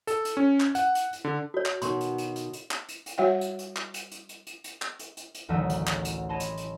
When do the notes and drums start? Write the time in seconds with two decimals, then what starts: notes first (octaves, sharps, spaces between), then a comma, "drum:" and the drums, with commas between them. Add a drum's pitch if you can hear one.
0.07 A4, drum: hi-hat
0.25 drum: hi-hat
0.37 C#4
0.60 drum: clap
0.75 F#5, drum: hi-hat
0.95 drum: hi-hat
1.13 drum: hi-hat
1.25 D3
1.54 F#4 C#5
1.66 drum: clap
1.82 B2 D#3 C6 C#6, drum: hi-hat
2.01 drum: hi-hat
2.18 drum: hi-hat
2.36 drum: hi-hat
2.53 drum: hi-hat
2.71 drum: clap
2.89 drum: hi-hat
3.06 drum: hi-hat
3.18 G3 F#4 C#5 E5 F#5 G5
3.41 drum: hi-hat
3.59 drum: hi-hat
3.76 drum: clap
3.94 drum: hi-hat
4.12 drum: hi-hat
4.29 drum: hi-hat
4.47 drum: hi-hat
4.64 drum: hi-hat
4.82 drum: clap
4.99 drum: hi-hat
5.17 drum: hi-hat
5.35 drum: hi-hat
5.49 A1 D2 D#3 F#3 E5 D#6
5.70 drum: hi-hat
5.87 drum: clap
6.05 drum: hi-hat
6.29 C#5 D#5 A5 B5 C6
6.40 drum: hi-hat
6.58 drum: hi-hat